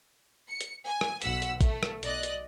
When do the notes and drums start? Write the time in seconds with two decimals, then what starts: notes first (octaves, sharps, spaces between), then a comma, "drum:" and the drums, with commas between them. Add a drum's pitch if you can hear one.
0.48 C#7
0.61 drum: hi-hat
0.87 G#5
1.01 drum: rim click
1.22 B1 F#5 E6 B6, drum: hi-hat
1.42 drum: hi-hat
1.61 A3, drum: kick, hi-hat
1.83 drum: rim click
2.03 B1 D5 D#5 F#6, drum: hi-hat
2.23 drum: hi-hat